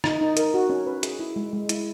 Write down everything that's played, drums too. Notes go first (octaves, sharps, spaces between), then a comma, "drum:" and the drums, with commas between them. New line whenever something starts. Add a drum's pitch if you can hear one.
D#4, drum: rim click
D#4
A#4, drum: hi-hat
F#4
C#4
B4
G#4, drum: hi-hat
E4
G#3
G#3
E4, drum: hi-hat